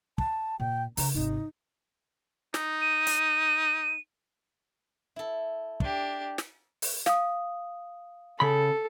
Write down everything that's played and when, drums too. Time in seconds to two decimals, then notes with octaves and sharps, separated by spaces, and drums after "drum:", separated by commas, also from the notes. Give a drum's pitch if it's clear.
0.18 A5, drum: kick
0.60 A#2 G5
0.97 C#3 D4 A#5, drum: open hi-hat
1.15 G#1 C3 D#4
2.54 D#4, drum: snare
2.81 D#7
3.07 drum: hi-hat
5.16 E4 A4
5.80 D4 G4, drum: kick
6.38 drum: snare
6.82 drum: open hi-hat
7.06 F5 D#6, drum: snare
8.40 C#3 A4 B5